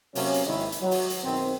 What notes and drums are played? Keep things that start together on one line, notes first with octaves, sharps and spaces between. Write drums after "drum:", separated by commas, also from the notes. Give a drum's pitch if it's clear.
C3 F#3 A#3 C#4, drum: open hi-hat
drum: hi-hat
G#1 G#2 D#3 G#3 E4
drum: hi-hat
F#3
drum: open hi-hat
drum: hi-hat
B1 D#3 C4